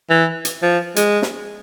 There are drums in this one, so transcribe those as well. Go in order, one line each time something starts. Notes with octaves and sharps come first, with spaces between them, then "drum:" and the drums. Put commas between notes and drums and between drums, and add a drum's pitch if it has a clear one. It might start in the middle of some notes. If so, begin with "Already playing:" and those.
E3
drum: hi-hat
F3
G#3, drum: hi-hat
drum: snare